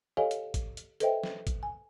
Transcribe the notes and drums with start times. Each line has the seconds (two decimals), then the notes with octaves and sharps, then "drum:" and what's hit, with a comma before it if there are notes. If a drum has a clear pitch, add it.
0.17 G4 A4 C#5 D#5 F5 G#5
0.31 drum: hi-hat
0.54 drum: kick, hi-hat
0.77 drum: hi-hat
1.00 A4 B4 C5 D#5 E5 G5, drum: hi-hat
1.24 drum: snare
1.47 drum: kick, hi-hat
1.63 G#5